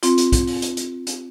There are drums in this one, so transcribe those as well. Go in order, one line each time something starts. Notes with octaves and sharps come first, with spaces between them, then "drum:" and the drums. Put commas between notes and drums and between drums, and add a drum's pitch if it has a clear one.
C4 F4, drum: hi-hat
drum: hi-hat
drum: kick, hi-hat
drum: open hi-hat
drum: hi-hat
drum: hi-hat
drum: hi-hat